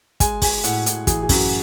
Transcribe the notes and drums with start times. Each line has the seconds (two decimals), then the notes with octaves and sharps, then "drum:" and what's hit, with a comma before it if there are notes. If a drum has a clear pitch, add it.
0.20 G#3 G#5, drum: kick, hi-hat
0.42 G#3 G#5, drum: kick, open hi-hat
0.64 A2 F#5, drum: hi-hat
0.86 A2, drum: hi-hat
1.07 E3 G#4, drum: kick, hi-hat
1.23 G#4
1.29 F#2 F#4, drum: kick, open hi-hat